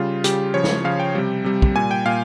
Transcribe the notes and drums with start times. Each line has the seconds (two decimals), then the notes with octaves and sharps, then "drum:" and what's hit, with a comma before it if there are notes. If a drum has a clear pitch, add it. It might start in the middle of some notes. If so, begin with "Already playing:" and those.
Already playing: C#3 G3 F4
0.24 C#3 G3 G4, drum: hi-hat
0.54 C#3 F3 C#5
0.64 drum: snare
0.84 C#3 F3 F5
1.00 G5
1.15 C3 G3
1.44 C3 G3
1.62 drum: kick
1.75 A#2 G3 G#5
1.91 G5
2.06 A#2 F5